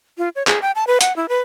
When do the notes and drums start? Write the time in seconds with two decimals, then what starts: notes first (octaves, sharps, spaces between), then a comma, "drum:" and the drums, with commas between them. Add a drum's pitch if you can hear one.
0.18 F4
0.36 C#5
0.47 G#4, drum: clap
0.62 G5
0.75 A5
0.87 B4
1.01 F#5, drum: hi-hat
1.16 E4
1.29 B4